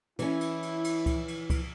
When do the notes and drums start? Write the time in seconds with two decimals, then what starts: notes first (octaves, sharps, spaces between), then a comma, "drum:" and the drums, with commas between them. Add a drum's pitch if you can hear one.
0.19 E3 C#4 E4, drum: cymbal
0.41 drum: cymbal
0.63 drum: cymbal
0.84 drum: cymbal
1.06 drum: kick C#2, cymbal
1.28 drum: cymbal
1.50 drum: kick C#2, cymbal